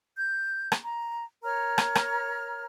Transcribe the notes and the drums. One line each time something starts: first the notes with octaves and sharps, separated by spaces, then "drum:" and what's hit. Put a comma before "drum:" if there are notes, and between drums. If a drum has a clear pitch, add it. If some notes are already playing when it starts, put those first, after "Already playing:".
G6
drum: rim click
A#5
A#4 C#5 A#5 F6
drum: rim click
drum: rim click